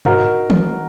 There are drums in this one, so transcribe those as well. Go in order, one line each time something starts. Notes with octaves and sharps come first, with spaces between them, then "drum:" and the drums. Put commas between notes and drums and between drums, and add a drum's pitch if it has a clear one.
D#4 F#4 A#4, drum: tom G2
drum: tom D#3